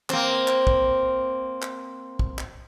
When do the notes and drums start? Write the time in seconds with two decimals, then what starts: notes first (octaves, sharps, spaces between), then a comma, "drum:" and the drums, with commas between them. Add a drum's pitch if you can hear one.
0.10 A#3 C4, drum: clap
0.48 drum: clap
0.67 drum: kick
1.62 drum: clap
2.19 drum: kick
2.39 drum: clap